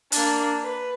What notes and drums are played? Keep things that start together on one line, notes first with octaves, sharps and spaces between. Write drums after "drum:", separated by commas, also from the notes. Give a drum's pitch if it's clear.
A#3 D4, drum: hi-hat
B4